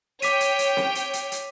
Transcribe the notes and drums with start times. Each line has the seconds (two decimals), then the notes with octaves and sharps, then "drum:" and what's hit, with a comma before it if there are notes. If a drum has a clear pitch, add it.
0.22 C#5 G5 D6 B6 D#7, drum: hi-hat
0.40 drum: hi-hat
0.59 drum: hi-hat
0.77 drum: snare C4
0.95 drum: hi-hat
1.13 drum: hi-hat
1.32 drum: hi-hat